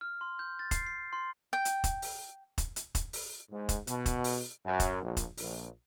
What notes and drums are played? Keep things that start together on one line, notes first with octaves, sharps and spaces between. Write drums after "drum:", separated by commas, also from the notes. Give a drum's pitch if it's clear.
F6
C6
G6
A6
C7, drum: kick, hi-hat
C7
C6
G5
drum: hi-hat
drum: kick, hi-hat
drum: open hi-hat
drum: kick, hi-hat
drum: hi-hat
drum: kick, hi-hat
drum: open hi-hat
G#2
drum: kick, hi-hat
B2, drum: hi-hat
drum: kick, hi-hat
drum: open hi-hat
F#2
drum: kick, hi-hat
A#1
drum: kick, hi-hat
A#1, drum: open hi-hat